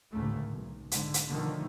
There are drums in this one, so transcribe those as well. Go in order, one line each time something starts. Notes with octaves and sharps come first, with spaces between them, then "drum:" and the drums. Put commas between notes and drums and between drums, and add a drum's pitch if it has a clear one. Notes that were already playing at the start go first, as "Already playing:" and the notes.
G#1 D2 A2 C#3 A3 A#3
B1
G#2 D3, drum: hi-hat
drum: hi-hat
B2 D3 D#3 F3 A3 A#3